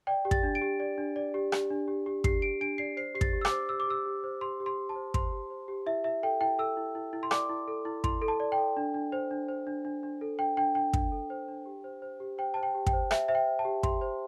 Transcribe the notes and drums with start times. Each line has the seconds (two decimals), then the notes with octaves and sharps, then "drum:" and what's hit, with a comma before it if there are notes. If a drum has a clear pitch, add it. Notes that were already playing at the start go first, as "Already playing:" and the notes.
0.07 D5 G5
0.25 G4
0.31 A6, drum: kick
0.43 D4
0.55 D7
0.61 G4
0.80 D5
0.98 D4
1.16 D5
1.34 G4
1.52 G4, drum: rim click
1.70 D4
1.88 G4
2.06 G4
2.24 G4 C7, drum: kick
2.42 G4 D7
2.61 D4 D7
2.78 D5 C7
2.97 C5 C7
3.15 G4 C7
3.21 A6, drum: kick
3.33 G4
3.41 E6
3.45 D6, drum: rim click
3.51 C5
3.69 G4 E6
3.80 D6
3.87 G4 E6
4.06 G4
4.24 C5
4.41 G4 C6
4.60 G4
4.66 C6
4.78 G4
4.89 A5
4.96 C5
5.14 C5 C6, drum: kick
5.32 G4
5.50 C5
5.68 G4
5.86 E4 E5
6.04 E4 E5
6.23 A4 G5
6.41 E4 G5
6.59 A4 E6
6.77 E4
6.95 E4
7.13 E4
7.23 C6
7.31 D5 D6, drum: rim click
7.49 E4
7.68 A4
7.85 E4
8.04 E4 C6, drum: kick
8.22 A4
8.28 A5
8.40 D5
8.52 G5
8.58 A4
8.77 D4
8.94 D4
9.12 C5
9.31 D4
9.48 C5
9.67 D4
9.85 D4
10.03 D4
10.21 A4
10.39 D4 G5
10.57 D4 G5
10.75 D4 G5
10.93 D4, drum: kick
11.12 A4
11.30 C5
11.48 D4
11.66 G4
11.84 C5
12.02 C5
12.20 G4
12.38 C5 G5
12.54 C5 A5
12.63 G5
12.74 G4
12.87 G5, drum: kick
12.93 C5
13.11 C5 E5, drum: rim click
13.28 C5 E5
13.35 G5
13.47 C5
13.59 A5
13.65 G4
13.83 G4 C6, drum: kick
14.01 C5